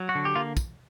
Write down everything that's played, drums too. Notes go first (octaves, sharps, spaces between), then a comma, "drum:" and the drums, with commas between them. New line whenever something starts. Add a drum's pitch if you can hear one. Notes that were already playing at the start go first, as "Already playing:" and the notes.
Already playing: F#3
F#4
D3
G4
A#3 F4
drum: kick, tambourine